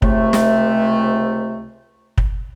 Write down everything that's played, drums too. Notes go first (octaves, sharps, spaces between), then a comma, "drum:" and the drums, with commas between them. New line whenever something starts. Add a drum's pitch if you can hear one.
C#2 C3 A3, drum: kick
drum: snare
drum: kick